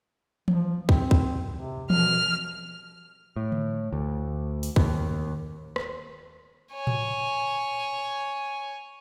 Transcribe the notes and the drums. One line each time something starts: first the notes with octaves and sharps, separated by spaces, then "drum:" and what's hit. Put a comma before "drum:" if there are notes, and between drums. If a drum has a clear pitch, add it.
F3, drum: tom E3
C4, drum: kick
drum: kick
C3
B2 F6, drum: tom E3
A2
drum: tom D3
D2
drum: open hi-hat
D#2, drum: kick
drum: rim click
C#5 G#5
drum: tom A2